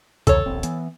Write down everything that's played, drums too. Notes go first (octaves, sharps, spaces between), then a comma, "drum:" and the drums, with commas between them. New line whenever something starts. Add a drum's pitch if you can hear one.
E2 C#3 A4 C#5, drum: kick C2, hi-hat
D#1 A#1 C4
E3 B3, drum: hi-hat